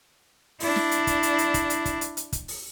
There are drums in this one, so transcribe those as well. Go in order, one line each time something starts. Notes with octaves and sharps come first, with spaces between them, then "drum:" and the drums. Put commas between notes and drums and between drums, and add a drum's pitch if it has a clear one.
D4 E4, drum: open hi-hat
drum: snare
drum: hi-hat
drum: kick, hi-hat
drum: hi-hat
drum: hi-hat
drum: kick, hi-hat
drum: hi-hat
drum: kick, hi-hat
drum: hi-hat
drum: hi-hat
drum: kick, hi-hat
drum: open hi-hat